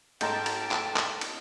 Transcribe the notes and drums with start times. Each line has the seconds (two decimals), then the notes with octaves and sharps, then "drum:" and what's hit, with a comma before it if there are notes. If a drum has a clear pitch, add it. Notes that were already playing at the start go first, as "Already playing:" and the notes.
0.21 G#2 A3 D#5 G5 A5 A#5 C6 G6, drum: cymbal
0.46 drum: cymbal
0.71 drum: clap
0.96 drum: clap
1.21 drum: cymbal